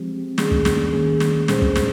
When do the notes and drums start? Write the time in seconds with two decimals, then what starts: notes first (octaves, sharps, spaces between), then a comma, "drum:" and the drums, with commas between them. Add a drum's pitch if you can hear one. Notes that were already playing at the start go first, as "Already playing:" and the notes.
Already playing: F3 G#3 C4 G4
0.38 D#3 A#3 C#4 G#4, drum: snare
0.51 drum: kick
0.65 drum: snare
0.93 D#3 A#3 C#4 G#4
1.20 drum: snare
1.48 A#2 G#3 C#4 G#4 C5, drum: snare
1.62 drum: kick
1.76 drum: snare